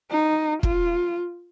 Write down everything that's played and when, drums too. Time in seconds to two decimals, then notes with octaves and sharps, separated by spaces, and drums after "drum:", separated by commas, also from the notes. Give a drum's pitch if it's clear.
0.11 D#4
0.63 F4, drum: kick